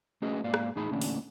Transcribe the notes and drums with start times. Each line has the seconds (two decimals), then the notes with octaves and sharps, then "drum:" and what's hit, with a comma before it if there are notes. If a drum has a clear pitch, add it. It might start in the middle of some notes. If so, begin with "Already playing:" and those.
0.22 A3 C#4 F#4 G#4 B4 D#5
0.44 G#2 A#3 D5 F5
0.54 drum: rim click
0.76 E2 A2 D#4 G#4 B5
0.91 E2 A#2 D3 A3 C#4 D4
1.02 drum: open hi-hat